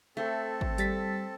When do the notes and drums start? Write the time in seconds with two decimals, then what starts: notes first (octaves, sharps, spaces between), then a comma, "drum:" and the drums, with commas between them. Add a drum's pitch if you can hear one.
0.17 A3 C4 A4
0.61 drum: kick
0.78 G3 A6 B6, drum: hi-hat